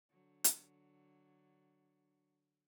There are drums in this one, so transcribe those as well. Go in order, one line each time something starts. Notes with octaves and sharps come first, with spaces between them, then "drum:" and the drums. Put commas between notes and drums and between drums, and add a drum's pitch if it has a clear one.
D3 F#3
drum: hi-hat